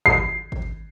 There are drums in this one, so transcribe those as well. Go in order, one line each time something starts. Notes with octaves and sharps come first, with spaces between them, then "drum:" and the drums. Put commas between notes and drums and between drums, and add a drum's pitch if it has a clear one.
C7, drum: kick G#1
drum: kick G#1